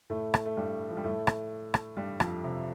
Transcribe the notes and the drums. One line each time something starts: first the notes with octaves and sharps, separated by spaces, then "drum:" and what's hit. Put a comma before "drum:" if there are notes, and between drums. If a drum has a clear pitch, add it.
A2 A3
drum: rim click
A3
G2 G3
F3
G3
A2 A3
drum: rim click
drum: rim click
G2 G3
F2 F3, drum: rim click
C3